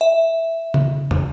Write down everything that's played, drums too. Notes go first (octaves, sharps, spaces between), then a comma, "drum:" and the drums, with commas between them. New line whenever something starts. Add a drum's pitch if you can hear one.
E5
drum: tom C#3
drum: tom